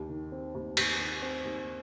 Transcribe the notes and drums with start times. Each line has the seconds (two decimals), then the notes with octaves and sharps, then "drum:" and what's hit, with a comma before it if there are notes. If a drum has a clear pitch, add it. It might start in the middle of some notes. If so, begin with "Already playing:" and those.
Already playing: D#2
0.09 D#3
0.32 C4
0.55 D#2
0.77 D#2, drum: cymbal
0.99 D#3
1.22 C4
1.45 D#2